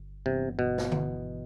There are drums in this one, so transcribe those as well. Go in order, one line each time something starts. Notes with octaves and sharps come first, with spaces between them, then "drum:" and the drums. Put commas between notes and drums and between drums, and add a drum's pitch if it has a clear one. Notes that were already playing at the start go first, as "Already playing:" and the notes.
Already playing: G1
G2 C3 E3 B3
G1 B2
drum: snare
E3 B3, drum: tom D3